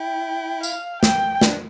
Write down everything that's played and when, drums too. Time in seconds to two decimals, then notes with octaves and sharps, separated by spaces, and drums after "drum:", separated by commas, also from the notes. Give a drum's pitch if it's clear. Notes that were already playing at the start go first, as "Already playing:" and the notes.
Already playing: E4 G5
0.63 F5, drum: tambourine
1.03 G5, drum: snare
1.41 D4, drum: snare